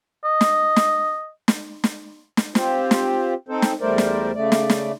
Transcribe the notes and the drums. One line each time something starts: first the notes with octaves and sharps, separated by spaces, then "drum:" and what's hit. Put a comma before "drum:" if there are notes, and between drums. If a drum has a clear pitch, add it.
D#5
drum: snare
drum: snare
drum: snare
drum: snare
drum: snare
C4 F4 G4 C5, drum: snare
drum: snare
C4 D#4 A4 C5
drum: snare
E2 G3 A3 A#4 C5 D5
drum: snare
C#3 A3 D5
drum: snare
drum: snare